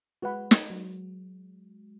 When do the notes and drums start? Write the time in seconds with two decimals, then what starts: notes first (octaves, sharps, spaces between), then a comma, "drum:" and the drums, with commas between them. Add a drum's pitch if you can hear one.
0.22 G#3 F#4 B4 F#5 B5
0.51 drum: snare
0.70 F#3